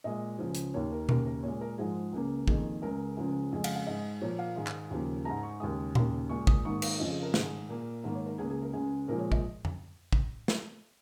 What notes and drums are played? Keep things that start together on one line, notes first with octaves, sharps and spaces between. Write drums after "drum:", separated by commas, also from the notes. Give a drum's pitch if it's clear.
A#2 G#3 D#5
C#2 C#3 F3
drum: hi-hat
D#2 D#3 A#3 C#5
A#4
D#2 C#3 A#3 A#4, drum: tom B2
A#4
A#2 G#3 C#5
A#4
G#2 F3 G#3 G#4
C#2 C#3 A#3
F2 D#3 A#3 G#4, drum: kick
C#2 C#3 G#3 A#4
C#2 C#3 F3 G#3
F2 C#3 G#3 G#4
F5, drum: cymbal
F5
G#2 G#3 D#5
A#2 F3 A#3 C#5
F5
G#2 D#3 G#3
drum: clap
D#2 C#3 F3 A#3
G#2 G#3 A#5
C#6
D#2 C#3 G#3 D#6
D#2 C#3 A#3, drum: tom A#2
A#2 G#3 C#6
D#6, drum: kick
G#2 D#3 A#3 C#6
drum: cymbal
F2 C#3 F3 D#5
G#4
A#4
G#2 D#3 G#3 G#4, drum: snare
A#2 A#3
G#2 D#3 A#3 A#4
C#5
A#4
C#2 C#3 A#3 G#4
G#4
A#4
C#2 C#3 G#3 G#4
A#2 F3 G#3 A#4
C#5
D#5, drum: kick
drum: tom F2
drum: kick
drum: snare